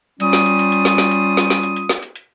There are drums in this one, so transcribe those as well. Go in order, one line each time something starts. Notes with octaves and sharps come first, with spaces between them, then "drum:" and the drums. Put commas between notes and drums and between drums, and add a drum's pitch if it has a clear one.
G3 C#4 F4 D#6, drum: hi-hat
drum: snare
drum: hi-hat
drum: hi-hat
drum: hi-hat
drum: snare
drum: snare
drum: hi-hat
drum: snare
drum: snare
drum: hi-hat
drum: hi-hat
drum: snare
drum: hi-hat
drum: hi-hat